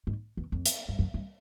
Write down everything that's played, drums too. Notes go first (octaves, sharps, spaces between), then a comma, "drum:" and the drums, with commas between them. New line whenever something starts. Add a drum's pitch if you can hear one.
G#2
E2
F2
drum: hi-hat
G2
F#2
G2